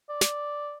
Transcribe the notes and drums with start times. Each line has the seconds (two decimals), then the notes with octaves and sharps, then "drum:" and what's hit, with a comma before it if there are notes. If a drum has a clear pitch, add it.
0.09 D5
0.21 drum: snare